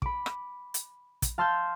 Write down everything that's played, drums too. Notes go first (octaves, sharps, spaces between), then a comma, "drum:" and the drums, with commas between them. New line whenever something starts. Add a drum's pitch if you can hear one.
B5 D6, drum: kick
drum: rim click
drum: hi-hat
drum: kick, hi-hat
F5 A5 C6 E6 F6 G6